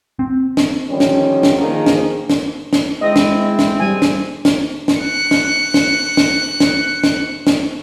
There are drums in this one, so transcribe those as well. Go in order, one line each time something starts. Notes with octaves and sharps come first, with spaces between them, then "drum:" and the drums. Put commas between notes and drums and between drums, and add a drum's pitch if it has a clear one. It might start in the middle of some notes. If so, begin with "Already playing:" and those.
C4
drum: snare
D3 D#3 F3 G3 C#4
drum: snare
drum: snare
D#3 F3 A#3 G#4 A#4
drum: snare
drum: snare
drum: snare
G#3 C4 E4 D#5
drum: snare
drum: snare
G3 G#5
drum: snare
drum: snare
drum: snare
F#6 C#7
drum: snare
drum: snare
drum: snare
drum: snare
drum: snare
drum: snare